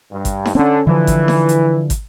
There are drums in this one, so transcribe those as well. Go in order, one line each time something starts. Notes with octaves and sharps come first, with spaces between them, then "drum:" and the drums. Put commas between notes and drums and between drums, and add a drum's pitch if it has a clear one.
G2
drum: kick, hi-hat
drum: snare D#4
D3 C4 C#4
D3 E3 F3
drum: kick, hi-hat
drum: snare D#4
drum: hi-hat
drum: kick, hi-hat